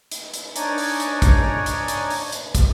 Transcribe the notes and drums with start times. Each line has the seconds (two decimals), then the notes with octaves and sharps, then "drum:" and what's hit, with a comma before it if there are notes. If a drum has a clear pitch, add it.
0.11 drum: hi-hat
0.34 drum: hi-hat
0.56 D4 D#4 C#5 D5 G#5 A#5, drum: hi-hat
0.78 drum: open hi-hat
1.00 drum: hi-hat
1.22 drum: kick, hi-hat
1.66 drum: hi-hat
1.88 drum: hi-hat
2.10 drum: open hi-hat
2.32 drum: hi-hat
2.55 drum: kick, hi-hat